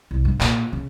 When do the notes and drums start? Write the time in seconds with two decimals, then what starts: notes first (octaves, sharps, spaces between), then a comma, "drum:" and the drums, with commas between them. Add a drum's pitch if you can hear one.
0.11 C2
0.25 G2
0.41 A#2, drum: clap
0.73 C#3